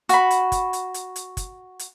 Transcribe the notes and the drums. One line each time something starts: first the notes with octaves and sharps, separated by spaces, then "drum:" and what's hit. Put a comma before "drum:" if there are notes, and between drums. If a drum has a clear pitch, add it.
F#4 B5, drum: hi-hat
drum: hi-hat
drum: kick, hi-hat
drum: hi-hat
drum: hi-hat
drum: hi-hat
drum: kick, hi-hat
drum: hi-hat